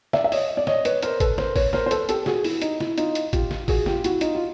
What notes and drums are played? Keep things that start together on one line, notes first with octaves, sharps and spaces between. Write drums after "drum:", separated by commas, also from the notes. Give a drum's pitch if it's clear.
D5 E5, drum: snare
E5
C#5 D#5, drum: open hi-hat
D5
C#5 D#5, drum: snare
B4 C#5, drum: hi-hat
A#4 C5, drum: hi-hat
A4 B4, drum: kick A1, hi-hat
A#4 C5, drum: snare
B4 C#5, drum: kick A1, open hi-hat
A#4 C5, drum: snare
C5
A4 B4, drum: hi-hat
G4 A4, drum: hi-hat
F#4 G#4, drum: snare
E4, drum: open hi-hat
D#4, drum: hi-hat
E4, drum: snare
D#4 F4, drum: hi-hat
drum: hi-hat
F4 G4, drum: kick A1, hi-hat
drum: snare
F#4 G#4, drum: kick A1, open hi-hat
F4 G4, drum: snare
E4 F#4, drum: hi-hat
D#4 F4, drum: hi-hat
F4